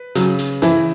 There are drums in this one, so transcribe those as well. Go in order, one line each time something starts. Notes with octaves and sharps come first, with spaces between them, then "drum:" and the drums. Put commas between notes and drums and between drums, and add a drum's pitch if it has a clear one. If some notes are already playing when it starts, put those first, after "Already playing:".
Already playing: B4
C#3 F#3, drum: hi-hat
drum: hi-hat
E3 E4, drum: hi-hat